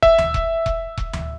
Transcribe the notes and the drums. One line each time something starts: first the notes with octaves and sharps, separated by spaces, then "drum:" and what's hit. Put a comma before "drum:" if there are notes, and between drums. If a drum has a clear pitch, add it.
E5, drum: kick E1
drum: tom D2
drum: kick E1
drum: kick E1
drum: kick E1
drum: tom D2